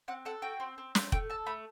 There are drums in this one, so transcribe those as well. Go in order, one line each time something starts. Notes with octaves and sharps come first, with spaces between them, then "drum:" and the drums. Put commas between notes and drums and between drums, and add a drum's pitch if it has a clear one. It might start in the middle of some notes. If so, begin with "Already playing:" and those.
C4 F#5
A4 F#5
F#4 G5
C4
C4
C4, drum: snare
A3 G5, drum: kick F1
A4 A5
A3 B5